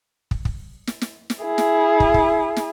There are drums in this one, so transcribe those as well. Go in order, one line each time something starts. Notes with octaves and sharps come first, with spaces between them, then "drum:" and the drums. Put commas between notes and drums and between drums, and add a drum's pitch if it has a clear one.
drum: kick
drum: kick
drum: snare
drum: snare
drum: snare
E4 G#4
drum: snare
drum: kick
drum: kick
drum: snare